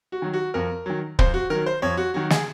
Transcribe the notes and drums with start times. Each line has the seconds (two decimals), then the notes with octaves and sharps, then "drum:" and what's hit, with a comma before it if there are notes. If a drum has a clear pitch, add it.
0.12 F#4
0.22 D#3 F#3
0.33 F#4
0.54 F2 A#4
0.86 D#3 F#3
1.19 F2 C5, drum: kick
1.34 F#4
1.50 D#3 F#3 A#4
1.66 C5
1.82 F2 C#5
1.97 F#4
2.14 D#3 F#3 F#4
2.30 G#4, drum: snare